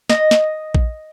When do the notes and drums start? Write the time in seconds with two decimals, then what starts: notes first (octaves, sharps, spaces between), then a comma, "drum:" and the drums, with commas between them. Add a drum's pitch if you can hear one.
0.10 D#5, drum: snare
0.31 drum: snare
0.75 drum: kick A#1